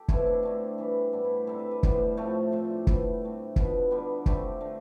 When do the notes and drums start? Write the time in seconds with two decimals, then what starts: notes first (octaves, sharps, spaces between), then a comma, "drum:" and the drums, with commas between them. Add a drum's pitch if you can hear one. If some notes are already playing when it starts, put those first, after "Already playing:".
Already playing: G4 A4
0.08 B2 A3 C4 E4, drum: kick
0.26 D4
0.43 D3 A3 C4 D4
0.78 E3 G3 C4
1.13 A2 G3 B3 D4
1.24 E4
1.36 G4
1.47 C3 G3 C4 A4
1.59 B4
1.71 B4
1.83 A2 G3 B3 C5, drum: kick
2.17 A2 F3 A3 C4
2.52 A2 F3 C4 C5
2.70 D4
2.87 A2 G3 B3 D4, drum: kick
3.21 D3 A3 C4
3.56 B2 B3 F4, drum: kick
3.91 D3 G3 B3
4.26 D3 A3 C4 G4, drum: kick
4.60 D3 A3 C4